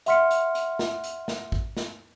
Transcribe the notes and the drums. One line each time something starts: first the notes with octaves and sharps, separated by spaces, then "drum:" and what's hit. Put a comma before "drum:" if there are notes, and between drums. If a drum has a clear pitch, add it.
E5 F#5 C6 F6 B6 C#7, drum: hi-hat
drum: hi-hat
drum: hi-hat
drum: snare
drum: hi-hat
drum: snare
drum: kick
drum: snare